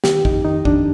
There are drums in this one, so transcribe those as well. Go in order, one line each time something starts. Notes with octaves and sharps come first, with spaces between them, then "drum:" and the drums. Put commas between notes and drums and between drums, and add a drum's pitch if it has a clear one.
D#3 G4, drum: snare
F2 D#4, drum: kick
D#3 D#4
F2 D4, drum: kick